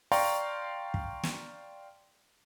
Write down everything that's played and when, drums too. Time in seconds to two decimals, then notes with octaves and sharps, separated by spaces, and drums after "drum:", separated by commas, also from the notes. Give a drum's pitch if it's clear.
0.12 D5 F5 G5 A#5 C6 C#6, drum: open hi-hat
0.94 drum: kick
1.23 drum: snare